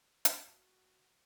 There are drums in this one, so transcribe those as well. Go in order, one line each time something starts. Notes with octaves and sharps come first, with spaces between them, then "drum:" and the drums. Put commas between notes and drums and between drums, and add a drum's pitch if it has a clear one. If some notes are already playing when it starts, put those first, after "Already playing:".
F4 F#4 A#4 E5, drum: hi-hat